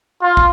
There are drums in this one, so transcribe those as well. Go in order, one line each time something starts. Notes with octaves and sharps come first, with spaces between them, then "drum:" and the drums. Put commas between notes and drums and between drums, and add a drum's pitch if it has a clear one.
F4
drum: kick